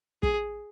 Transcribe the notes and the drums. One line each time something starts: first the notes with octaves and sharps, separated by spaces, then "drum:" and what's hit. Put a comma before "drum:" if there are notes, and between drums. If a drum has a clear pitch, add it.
G#4, drum: kick